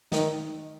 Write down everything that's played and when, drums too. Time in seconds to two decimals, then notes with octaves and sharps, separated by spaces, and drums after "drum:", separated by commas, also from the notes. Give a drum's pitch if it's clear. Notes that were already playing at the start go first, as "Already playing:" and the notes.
0.12 D#3, drum: snare